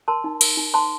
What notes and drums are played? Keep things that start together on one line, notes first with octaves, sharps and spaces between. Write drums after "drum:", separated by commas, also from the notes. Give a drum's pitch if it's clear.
A#4 A5 C6
D#4
A#4, drum: cymbal
D#4
C5 A5 C6